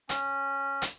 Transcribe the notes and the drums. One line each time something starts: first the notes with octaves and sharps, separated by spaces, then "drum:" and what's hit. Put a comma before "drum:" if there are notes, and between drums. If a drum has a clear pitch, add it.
C#4, drum: hi-hat
drum: hi-hat